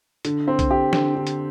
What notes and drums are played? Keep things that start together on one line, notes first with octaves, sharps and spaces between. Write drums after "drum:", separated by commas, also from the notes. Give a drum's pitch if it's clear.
D3, drum: hi-hat
C4
drum: kick B1, hi-hat
G4
D3, drum: snare
D3
drum: hi-hat